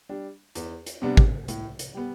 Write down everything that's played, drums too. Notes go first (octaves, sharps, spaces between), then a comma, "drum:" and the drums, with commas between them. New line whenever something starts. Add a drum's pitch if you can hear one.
G3 D4
E2, drum: hi-hat
drum: hi-hat
C3 G3 B3 D4
drum: kick G#1
A2, drum: hi-hat
drum: hi-hat
G3 B3